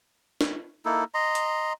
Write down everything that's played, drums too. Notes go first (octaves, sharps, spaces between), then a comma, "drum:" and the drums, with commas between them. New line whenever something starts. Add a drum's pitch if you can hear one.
drum: snare
A#3 D#4 E4 A4
D#5 A#5 C6
drum: hi-hat